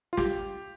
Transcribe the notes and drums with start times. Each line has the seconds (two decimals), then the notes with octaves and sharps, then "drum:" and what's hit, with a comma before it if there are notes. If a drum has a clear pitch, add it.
0.13 F4
0.17 G4, drum: snare